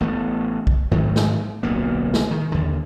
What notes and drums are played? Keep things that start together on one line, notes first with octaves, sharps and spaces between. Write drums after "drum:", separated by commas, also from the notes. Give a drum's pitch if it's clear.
A1 A3 B3
drum: kick A#1
G#2 D#3 F#3 A3
drum: snare
D1 B1 A#2 A#3
drum: snare
D#3
D#2 D3